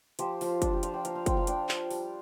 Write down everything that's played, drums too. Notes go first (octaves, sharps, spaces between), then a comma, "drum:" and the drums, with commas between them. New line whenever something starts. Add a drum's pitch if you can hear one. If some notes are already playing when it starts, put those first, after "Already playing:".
F3 G4 C5, drum: hi-hat
F3 F4, drum: open hi-hat
D4, drum: kick, hi-hat
G4
F4 C5 F5, drum: hi-hat
D5 G5
F3 F5 A#5, drum: hi-hat
C5 F5
F3 G5 C6, drum: kick, hi-hat
F5 A#5
D4 D5 G5, drum: hi-hat
F4, drum: clap
G3, drum: open hi-hat